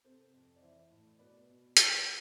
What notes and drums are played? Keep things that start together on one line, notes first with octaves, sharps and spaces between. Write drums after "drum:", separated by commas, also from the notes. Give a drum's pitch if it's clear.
C3 A4 C5
F2
D5
E3 C5 E5
A2
B2 B4 D5
B2
F3 A4 C5, drum: hi-hat